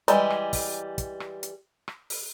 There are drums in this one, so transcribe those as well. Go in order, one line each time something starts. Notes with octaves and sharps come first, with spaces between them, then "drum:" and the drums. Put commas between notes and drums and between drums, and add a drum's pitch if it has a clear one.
E3 G3 G#3, drum: hi-hat
drum: rim click
drum: kick, open hi-hat
drum: kick, hi-hat
drum: rim click
drum: hi-hat
drum: rim click
drum: open hi-hat